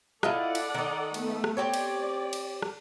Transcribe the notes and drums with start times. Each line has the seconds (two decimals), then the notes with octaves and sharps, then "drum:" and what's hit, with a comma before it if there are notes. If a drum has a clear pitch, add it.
0.23 E4 F4 A4 D5 D#5 F#5, drum: rim click
0.55 drum: cymbal
0.74 D#3 D#4
1.14 A3 B3, drum: cymbal
1.44 drum: rim click
1.57 C4 G4 C#5 D5
1.74 drum: cymbal
2.33 drum: cymbal
2.62 drum: rim click